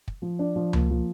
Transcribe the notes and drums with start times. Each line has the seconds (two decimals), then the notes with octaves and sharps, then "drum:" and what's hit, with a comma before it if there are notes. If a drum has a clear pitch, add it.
0.08 drum: kick
0.22 F3
0.39 D4
0.56 F3
0.73 A#3, drum: tom C#2
0.90 F3